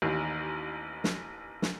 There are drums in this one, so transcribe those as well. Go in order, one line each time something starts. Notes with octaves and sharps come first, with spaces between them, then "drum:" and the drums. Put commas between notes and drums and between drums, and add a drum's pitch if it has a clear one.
A1 D#2
drum: snare
drum: snare